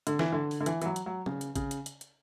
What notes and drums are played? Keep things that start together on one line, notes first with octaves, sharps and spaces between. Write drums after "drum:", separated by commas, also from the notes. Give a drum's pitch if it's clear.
D3, drum: hi-hat
E3, drum: snare
D3
drum: open hi-hat
D3
E3, drum: hi-hat
E3, drum: hi-hat
F#3
drum: hi-hat
F#3
C#3, drum: tom
drum: hi-hat
C#3, drum: kick A1, hi-hat
drum: hi-hat
drum: hi-hat
drum: hi-hat